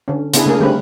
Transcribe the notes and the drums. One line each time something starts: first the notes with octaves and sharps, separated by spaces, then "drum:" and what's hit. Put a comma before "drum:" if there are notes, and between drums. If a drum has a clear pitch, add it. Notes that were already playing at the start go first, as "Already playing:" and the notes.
D3 C#4
C#3 B3 D4 E4 G#4 B4, drum: hi-hat
C#3 A3 A#3 G#4 A#4
D3 G3 A3 C4 C#4 B4